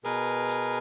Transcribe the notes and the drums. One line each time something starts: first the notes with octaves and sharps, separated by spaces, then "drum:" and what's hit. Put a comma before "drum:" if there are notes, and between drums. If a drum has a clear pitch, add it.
B2 G#4 A#4 B4, drum: hi-hat
drum: hi-hat